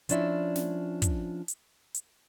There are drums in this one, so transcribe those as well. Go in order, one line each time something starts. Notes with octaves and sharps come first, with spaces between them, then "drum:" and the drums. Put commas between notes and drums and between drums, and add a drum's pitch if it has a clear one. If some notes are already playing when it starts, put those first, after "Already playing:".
F3 C#4 D4 E4 E5, drum: hi-hat
drum: snare
drum: kick, hi-hat
drum: hi-hat
drum: hi-hat